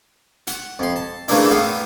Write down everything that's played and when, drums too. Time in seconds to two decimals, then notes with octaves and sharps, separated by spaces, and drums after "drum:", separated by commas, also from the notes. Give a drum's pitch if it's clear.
0.47 F#5, drum: hi-hat
0.79 F2 C6
0.96 A5
1.28 C#3 E3 A3 A#3 D4 E4, drum: open hi-hat
1.51 A2 B3 F5